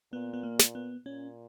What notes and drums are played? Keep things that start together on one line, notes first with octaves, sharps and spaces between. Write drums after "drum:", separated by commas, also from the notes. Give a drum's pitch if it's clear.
A#2 B3
B3
A#3
drum: snare
B3
A#2 C#4